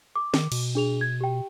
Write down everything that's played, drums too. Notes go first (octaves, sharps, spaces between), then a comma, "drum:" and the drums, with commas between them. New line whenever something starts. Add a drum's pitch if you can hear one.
D6
D#3, drum: snare
B2, drum: cymbal
D4 G#4 F7
G#6
G4 G5